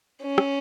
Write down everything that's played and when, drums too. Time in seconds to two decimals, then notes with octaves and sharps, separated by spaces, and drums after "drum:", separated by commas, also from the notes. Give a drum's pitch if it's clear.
0.22 C#4
0.38 drum: rim click